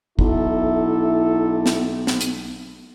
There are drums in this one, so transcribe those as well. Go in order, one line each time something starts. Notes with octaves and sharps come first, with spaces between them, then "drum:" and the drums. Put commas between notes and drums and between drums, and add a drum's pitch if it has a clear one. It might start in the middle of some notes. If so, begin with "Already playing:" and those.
B1 E4 A4, drum: kick
drum: snare
drum: snare
drum: hi-hat